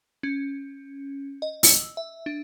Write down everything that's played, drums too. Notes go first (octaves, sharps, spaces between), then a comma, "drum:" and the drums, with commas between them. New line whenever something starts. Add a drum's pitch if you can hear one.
C#4
D#5
E6, drum: open hi-hat
E5
D4